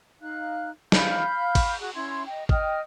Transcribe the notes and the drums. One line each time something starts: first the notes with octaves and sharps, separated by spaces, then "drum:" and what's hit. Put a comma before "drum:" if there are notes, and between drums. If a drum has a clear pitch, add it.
D#4 F5 F#6
F5 B5 F6 G6, drum: snare
drum: kick, cymbal
F#4 G#4 F#6
C#4 E4 C6 G#6
D#5 G5
D#5 G5 D#6 F6, drum: kick